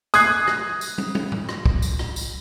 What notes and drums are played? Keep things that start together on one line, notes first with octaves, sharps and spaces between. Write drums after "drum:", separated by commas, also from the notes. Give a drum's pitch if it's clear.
D#6 F#6 G#6 C7, drum: tambourine
drum: rim click
drum: tambourine
drum: tom
drum: tom
drum: tom G#2
drum: rim click
drum: kick
drum: tambourine
drum: rim click
drum: tambourine